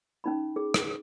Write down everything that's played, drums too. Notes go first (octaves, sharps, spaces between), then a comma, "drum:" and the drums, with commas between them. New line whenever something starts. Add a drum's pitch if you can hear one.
C#4 D#4 B5
G#4
drum: rim click